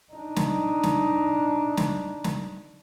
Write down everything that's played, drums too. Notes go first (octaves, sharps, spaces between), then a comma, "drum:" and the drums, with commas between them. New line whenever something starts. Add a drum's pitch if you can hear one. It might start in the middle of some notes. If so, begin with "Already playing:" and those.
D4 D#4
drum: snare
drum: snare
drum: snare
drum: snare